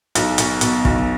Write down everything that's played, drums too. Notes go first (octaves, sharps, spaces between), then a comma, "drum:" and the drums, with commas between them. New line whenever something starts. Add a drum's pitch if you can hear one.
B1, drum: hi-hat
B2, drum: hi-hat
B2, drum: hi-hat
B1, drum: kick